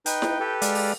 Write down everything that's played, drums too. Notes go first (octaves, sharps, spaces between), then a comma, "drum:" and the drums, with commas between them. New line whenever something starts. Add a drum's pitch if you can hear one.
D#4 B4 G5, drum: hi-hat
drum: snare E4
G4 A4 B4
G#3 D5 F5, drum: hi-hat
drum: open hi-hat